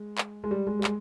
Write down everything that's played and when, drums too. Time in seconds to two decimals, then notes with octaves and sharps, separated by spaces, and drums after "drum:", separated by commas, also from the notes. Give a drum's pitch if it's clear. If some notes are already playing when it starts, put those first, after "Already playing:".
Already playing: G#3
0.18 drum: clap
0.44 G#3
0.51 G3
0.67 G#3
0.79 G3
0.84 G#3, drum: clap